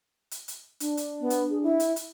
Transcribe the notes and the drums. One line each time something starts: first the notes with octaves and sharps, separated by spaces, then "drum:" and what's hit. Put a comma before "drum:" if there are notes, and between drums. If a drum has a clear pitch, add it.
drum: hi-hat
drum: hi-hat
D4, drum: hi-hat
drum: hi-hat
B3
drum: hi-hat
G#4
E4
drum: hi-hat
drum: hi-hat